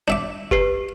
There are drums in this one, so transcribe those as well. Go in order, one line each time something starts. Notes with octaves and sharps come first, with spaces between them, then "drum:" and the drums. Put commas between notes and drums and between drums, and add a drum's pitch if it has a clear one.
D4 E5 D6
G4 B4 C7, drum: kick F#1